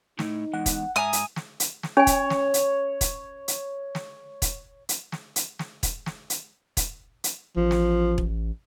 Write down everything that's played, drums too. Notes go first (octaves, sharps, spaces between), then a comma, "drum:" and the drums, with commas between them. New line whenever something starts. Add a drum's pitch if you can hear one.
A2 A3 D#4, drum: snare
E2 G#3 F#5
drum: kick E1, hi-hat
G#2 E5 G#5 A#5 D#6
drum: hi-hat
drum: snare
drum: hi-hat
drum: snare
C#4 C#5 G#5
drum: kick E1, hi-hat
drum: snare
drum: hi-hat
drum: kick E1, hi-hat
drum: hi-hat
drum: snare
drum: kick E1, hi-hat
drum: hi-hat
drum: snare
drum: hi-hat
drum: snare
drum: kick E1, hi-hat
drum: snare
drum: hi-hat
drum: kick E1, hi-hat
drum: hi-hat
A1 F3
drum: snare
drum: kick E1